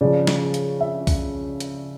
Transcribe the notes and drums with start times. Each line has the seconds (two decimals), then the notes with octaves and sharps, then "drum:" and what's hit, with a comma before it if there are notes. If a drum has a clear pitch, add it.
0.01 C#3 F3 D5
0.27 drum: snare
0.54 drum: hi-hat
0.81 E5
1.07 drum: kick C2, open hi-hat
1.60 drum: hi-hat